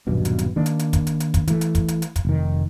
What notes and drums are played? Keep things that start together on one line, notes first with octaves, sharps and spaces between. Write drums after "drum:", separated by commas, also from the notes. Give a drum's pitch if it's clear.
D#1 B1 G2 B2
drum: hi-hat
drum: hi-hat
D#3 A#3 D4
drum: hi-hat
drum: hi-hat
drum: kick, hi-hat
drum: hi-hat
drum: hi-hat
drum: kick, hi-hat
E3 A3, drum: hi-hat
drum: hi-hat
drum: kick, hi-hat
drum: hi-hat
drum: hi-hat
drum: kick, hi-hat
F1 D#3